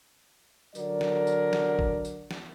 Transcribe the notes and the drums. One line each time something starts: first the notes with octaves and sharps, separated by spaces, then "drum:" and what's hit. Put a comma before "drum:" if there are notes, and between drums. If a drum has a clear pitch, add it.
D3 F#3 A#4 D5, drum: tambourine
drum: snare
drum: tambourine
drum: snare
drum: kick G1
drum: tambourine
drum: snare